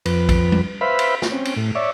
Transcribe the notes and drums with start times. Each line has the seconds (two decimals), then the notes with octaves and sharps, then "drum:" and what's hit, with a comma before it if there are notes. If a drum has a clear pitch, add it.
0.06 F2 B4, drum: cymbal
0.29 drum: kick A#1, cymbal
0.52 drum: tom G3
0.81 B4 C5 E5 F5 B5
0.99 drum: cymbal
1.22 drum: snare
1.32 C4 C#4
1.45 drum: cymbal
1.56 A2
1.75 C#5 D5 E5